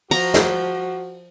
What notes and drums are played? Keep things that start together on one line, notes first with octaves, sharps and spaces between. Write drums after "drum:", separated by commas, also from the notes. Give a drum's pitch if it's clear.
F3 F#4 A#5, drum: open hi-hat
drum: snare